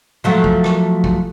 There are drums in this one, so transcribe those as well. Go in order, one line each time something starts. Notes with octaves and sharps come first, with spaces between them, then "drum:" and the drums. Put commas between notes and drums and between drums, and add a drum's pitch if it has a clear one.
F3 F#3 A3
drum: kick
drum: rim click
drum: kick